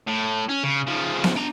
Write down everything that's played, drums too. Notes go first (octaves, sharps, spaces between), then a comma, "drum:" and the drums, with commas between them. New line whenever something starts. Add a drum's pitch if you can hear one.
A2
C#4
C#3
C#3 F3
drum: snare B3
D4 A#5